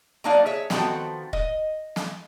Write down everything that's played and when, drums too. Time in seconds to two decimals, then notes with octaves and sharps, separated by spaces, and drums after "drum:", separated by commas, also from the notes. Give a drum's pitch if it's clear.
0.24 F#3 A#3 D4 D#4 D5 F5
0.46 G#4 C#5 E5
0.70 D#3 F3 B3 C4 F#4 A4, drum: snare
1.33 D#5, drum: kick
1.96 drum: snare